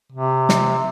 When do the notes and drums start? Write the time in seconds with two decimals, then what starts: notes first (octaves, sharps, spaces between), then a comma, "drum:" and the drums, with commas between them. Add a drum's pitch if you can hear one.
0.12 C3
0.49 drum: snare